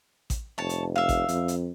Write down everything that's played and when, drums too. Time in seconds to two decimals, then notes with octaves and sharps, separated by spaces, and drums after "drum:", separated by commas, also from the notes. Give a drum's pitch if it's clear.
0.30 drum: kick A1, hi-hat
0.58 F1 C#5 A5
0.69 drum: hi-hat
0.96 E5 F5
1.09 drum: kick A1, hi-hat
1.28 F2, drum: hi-hat
1.48 drum: hi-hat